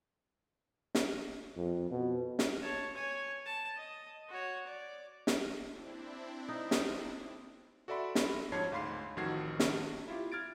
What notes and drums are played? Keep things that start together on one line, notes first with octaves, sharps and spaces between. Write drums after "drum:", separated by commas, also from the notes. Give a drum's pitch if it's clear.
drum: snare
F2
B2
drum: snare
C#5 A5
C#5 G#5
A5
D#5
F#4 C#5
D5
drum: snare
C4 D4 E4
D#4
drum: snare
F#4 A4 D5 E5 B5 C6
drum: snare
F2 G#2 C#5 A5 G#6 C7
D2 G#2 F5 B5 C6 C7
A1 F2 D#3 F#4 G#6 C7
drum: snare
E4 F4 G4
F6 G#6 A6 D7